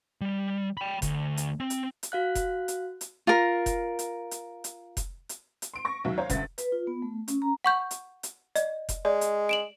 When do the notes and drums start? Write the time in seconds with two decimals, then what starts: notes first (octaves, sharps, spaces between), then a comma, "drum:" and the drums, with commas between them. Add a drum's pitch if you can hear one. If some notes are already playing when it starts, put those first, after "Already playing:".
0.21 G3
0.77 G5 B5
1.02 D2, drum: kick F1, hi-hat
1.37 drum: hi-hat
1.60 C4
1.70 drum: hi-hat
2.03 drum: hi-hat
2.12 F#4 F5 F#6
2.35 drum: kick F1, hi-hat
2.68 drum: hi-hat
3.01 drum: hi-hat
3.27 F4 A#4
3.66 drum: kick F1, hi-hat
3.99 drum: hi-hat
4.31 drum: hi-hat
4.64 drum: hi-hat
4.97 drum: kick F1, hi-hat
5.29 drum: hi-hat
5.62 drum: hi-hat
5.73 C6 D7
5.85 C#6 A#6
6.04 D#2 F#3 E5
6.18 C5 C#5 F5 A#5
6.30 G1 D2 G2 C#3 E5 A6, drum: kick F1, hi-hat
6.58 B4, drum: hi-hat
6.72 F4
6.87 B3
7.02 A3
7.28 C#4, drum: hi-hat
7.42 A#5
7.64 F#5 C#6 G6
7.91 drum: hi-hat
8.23 drum: hi-hat
8.55 D5 D#5, drum: hi-hat
8.89 drum: kick F1, hi-hat
9.05 G#3 D5
9.21 drum: hi-hat
9.49 D7 E7 F#7